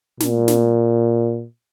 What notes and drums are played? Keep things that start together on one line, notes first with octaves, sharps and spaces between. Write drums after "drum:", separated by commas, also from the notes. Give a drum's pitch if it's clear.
A#2, drum: snare
drum: snare